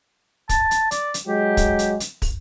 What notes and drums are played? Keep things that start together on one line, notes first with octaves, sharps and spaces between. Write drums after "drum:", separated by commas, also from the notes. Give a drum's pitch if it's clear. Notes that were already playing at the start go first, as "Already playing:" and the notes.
A5, drum: kick, hi-hat
drum: hi-hat
D5, drum: hi-hat
drum: hi-hat
F#3 G#3 G4
drum: kick, hi-hat
drum: hi-hat
drum: hi-hat
drum: kick, open hi-hat